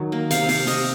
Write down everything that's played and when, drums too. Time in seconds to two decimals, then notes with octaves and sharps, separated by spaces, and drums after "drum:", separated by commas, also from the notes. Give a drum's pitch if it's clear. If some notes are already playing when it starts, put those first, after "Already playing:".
Already playing: D#3 F#3
0.12 A#3
0.31 C3 F5, drum: hi-hat
0.48 C3 F5, drum: open hi-hat
0.67 C3 D#5, drum: open hi-hat